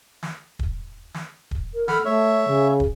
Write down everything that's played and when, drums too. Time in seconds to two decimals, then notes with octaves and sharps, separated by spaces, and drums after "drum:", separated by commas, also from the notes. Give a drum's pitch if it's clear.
0.23 drum: snare
0.59 drum: kick
1.14 drum: snare
1.51 drum: kick
1.73 A#4
1.88 A4 F#5 B5 F6, drum: snare
2.05 A3 C#5 E5
2.47 C#3
2.80 drum: kick